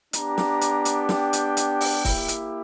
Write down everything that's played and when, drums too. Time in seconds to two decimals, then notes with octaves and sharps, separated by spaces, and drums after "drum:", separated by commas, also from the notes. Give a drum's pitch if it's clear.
0.13 B3 D4 G4 A#5, drum: hi-hat
0.38 drum: snare
0.61 drum: hi-hat
0.85 drum: hi-hat
1.09 G5, drum: snare
1.33 drum: hi-hat
1.57 drum: hi-hat
1.81 drum: open hi-hat
2.05 A#3 E4 G4, drum: kick, open hi-hat
2.28 drum: hi-hat